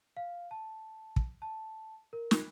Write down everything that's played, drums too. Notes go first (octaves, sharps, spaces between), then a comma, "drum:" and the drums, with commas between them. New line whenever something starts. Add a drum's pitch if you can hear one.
F5
A5
drum: kick
A5
A#4
drum: snare